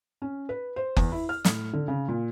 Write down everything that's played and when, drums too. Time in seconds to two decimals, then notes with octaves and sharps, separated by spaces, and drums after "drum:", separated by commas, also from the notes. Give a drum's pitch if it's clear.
0.22 C#4
0.49 B4
0.76 C5
0.97 E2, drum: kick F#1
1.12 E4
1.29 F6
1.45 A2, drum: snare
1.73 D3
1.88 C#3
2.08 A#2